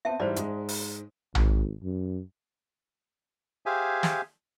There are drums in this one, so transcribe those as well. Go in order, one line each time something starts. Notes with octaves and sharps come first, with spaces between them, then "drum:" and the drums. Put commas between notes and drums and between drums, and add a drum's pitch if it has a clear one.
B3 C4 E5 G5 A5
G#2 E3 G3 C5 D5
G#2 G#3, drum: hi-hat
drum: open hi-hat
G#1, drum: tom A#1
F#2
G4 G#4 C5 E5 F5 G#5
drum: snare